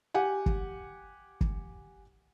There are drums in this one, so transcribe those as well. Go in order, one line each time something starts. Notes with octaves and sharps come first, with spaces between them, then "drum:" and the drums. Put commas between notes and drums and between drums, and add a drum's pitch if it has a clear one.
G4 F#5 G#5
drum: kick
drum: kick